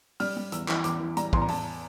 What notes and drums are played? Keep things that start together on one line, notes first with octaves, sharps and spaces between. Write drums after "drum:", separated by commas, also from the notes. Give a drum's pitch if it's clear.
G3 F6, drum: open hi-hat
G3
E2 E6, drum: hi-hat
E3, drum: clap
E2 D6, drum: hi-hat
E3
G3 A#5, drum: hi-hat
E2 C6, drum: kick
A#5
E2 A5, drum: open hi-hat